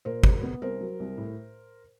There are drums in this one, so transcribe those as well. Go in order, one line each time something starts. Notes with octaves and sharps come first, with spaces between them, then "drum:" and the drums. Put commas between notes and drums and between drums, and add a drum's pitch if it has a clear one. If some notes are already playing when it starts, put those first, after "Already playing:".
A#2 A#4 C5
F#3, drum: kick
B3
C2 A#4 C5
F#3
C2
A2